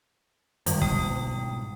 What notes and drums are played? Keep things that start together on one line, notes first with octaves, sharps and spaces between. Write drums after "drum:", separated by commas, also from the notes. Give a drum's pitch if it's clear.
G#1 D#3 G3, drum: hi-hat
G#2 B2 G5 D#6, drum: kick